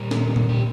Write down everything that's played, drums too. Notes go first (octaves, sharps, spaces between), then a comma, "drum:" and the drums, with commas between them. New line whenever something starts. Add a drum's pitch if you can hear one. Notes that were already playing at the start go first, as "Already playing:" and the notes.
Already playing: A#2 G3 A#3 G4 A#4
drum: snare
drum: tom A#2
G4